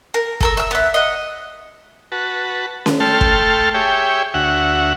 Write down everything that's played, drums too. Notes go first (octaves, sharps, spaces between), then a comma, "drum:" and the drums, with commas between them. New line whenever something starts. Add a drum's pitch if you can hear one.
A#4
A4 A#4 E6, drum: kick
E5 E6
B3 E5
D#5 F#5
F#4 B4 A5
drum: snare C#4
A3 A4 G5 A5 C6 F6
drum: kick
G4 G#4 C#5 E5 G5
D2 F#4 E5 F#5